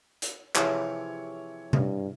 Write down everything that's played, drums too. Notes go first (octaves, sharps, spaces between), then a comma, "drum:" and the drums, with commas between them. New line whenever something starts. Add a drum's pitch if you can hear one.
drum: hi-hat
C3 E3 F3 E4 G#4 C#5 E5, drum: clap
G2, drum: tom C3